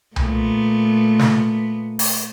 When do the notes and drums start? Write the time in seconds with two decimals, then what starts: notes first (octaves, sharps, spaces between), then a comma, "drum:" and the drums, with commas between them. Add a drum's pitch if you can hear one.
0.16 A#2 A3 B3, drum: tom C2
1.19 drum: snare
1.99 drum: open hi-hat